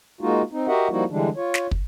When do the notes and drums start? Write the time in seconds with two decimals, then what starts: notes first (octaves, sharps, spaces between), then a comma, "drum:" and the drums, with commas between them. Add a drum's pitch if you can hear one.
0.21 G#3 A#3 D#4 F4 F#4
0.52 C4 D#4
0.68 F#4 G4 A#4 D#5 E5 F#5
0.90 F3 G3 A#3 D#4 E4 F#4
1.10 D3 E3 G3 G#3 D4
1.36 F4 C#5
1.54 drum: snare
1.71 drum: kick